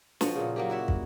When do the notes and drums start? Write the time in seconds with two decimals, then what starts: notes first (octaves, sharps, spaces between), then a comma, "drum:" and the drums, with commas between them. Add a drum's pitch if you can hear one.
0.21 F3 B3 F#4, drum: snare
0.36 A#2 C#3
0.56 F#3 A#3 G4
0.70 E4 F#4 E5
0.88 drum: kick